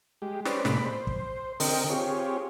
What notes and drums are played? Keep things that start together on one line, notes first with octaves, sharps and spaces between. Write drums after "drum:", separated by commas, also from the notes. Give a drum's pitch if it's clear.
G#3 G4
C#4 B4 C5 D5, drum: snare
A2 C3 G#3 A#3 D5 B5, drum: snare
C5
drum: kick
D3 C4 A#4 D#5 G5, drum: open hi-hat
C4 F4 G4 G#4 C#5